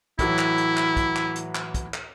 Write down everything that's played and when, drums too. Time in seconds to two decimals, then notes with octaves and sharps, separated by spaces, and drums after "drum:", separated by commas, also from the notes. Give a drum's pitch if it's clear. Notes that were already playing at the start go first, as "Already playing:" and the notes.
0.19 A2 E3 F#3 E4, drum: kick, hi-hat
0.38 drum: clap
0.58 drum: hi-hat
0.77 drum: clap
0.97 drum: kick, hi-hat
1.16 drum: clap
1.36 drum: hi-hat
1.55 drum: clap
1.74 drum: kick, hi-hat
1.94 drum: clap